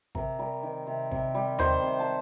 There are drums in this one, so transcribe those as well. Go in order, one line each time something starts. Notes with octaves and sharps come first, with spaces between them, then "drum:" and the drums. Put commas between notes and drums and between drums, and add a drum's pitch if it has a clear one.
C3 A#4, drum: kick G#1
G3 A#4
D#3
C3
C3, drum: kick G#1
G3
D#3 C5, drum: tom D#2
C3
A5